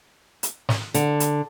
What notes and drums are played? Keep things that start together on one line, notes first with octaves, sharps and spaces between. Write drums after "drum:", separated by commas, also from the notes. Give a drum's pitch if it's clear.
drum: hi-hat
drum: snare
D3, drum: hi-hat
drum: hi-hat